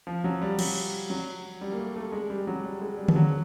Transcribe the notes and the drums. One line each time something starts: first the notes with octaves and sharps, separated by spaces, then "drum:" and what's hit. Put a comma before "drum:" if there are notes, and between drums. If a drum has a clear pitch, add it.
F3
F#3
G3
F#3, drum: cymbal
F#3
G3
A#3
A3
A3
G#3
G3
F#3
G3
G#3
G3
F3, drum: tom D3
F#3